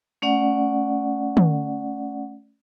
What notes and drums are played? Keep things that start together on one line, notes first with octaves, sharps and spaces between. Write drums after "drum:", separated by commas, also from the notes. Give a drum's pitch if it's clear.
A3 C#4 D5 F#5
drum: tom